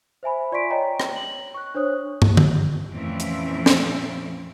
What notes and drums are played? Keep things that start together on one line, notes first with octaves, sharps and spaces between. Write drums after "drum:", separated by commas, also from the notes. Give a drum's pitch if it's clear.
C5 E5 G#5 B5
F4 D5 C6 C#6 B6 D7
C#5 D#5 G5 A#5
drum: rim click
F#7
C#6 F#6
D4 C5 C#5 D#6 F#6
drum: tom
drum: tom
F2 A#2 E3 A3 C4 C#4
drum: hi-hat
drum: snare